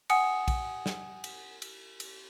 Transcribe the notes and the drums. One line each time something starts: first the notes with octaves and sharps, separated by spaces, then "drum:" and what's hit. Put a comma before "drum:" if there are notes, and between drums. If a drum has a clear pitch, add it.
F#5 G#5 D#6 C#7, drum: cymbal
drum: kick A#1, cymbal
drum: snare
drum: cymbal
drum: cymbal
drum: cymbal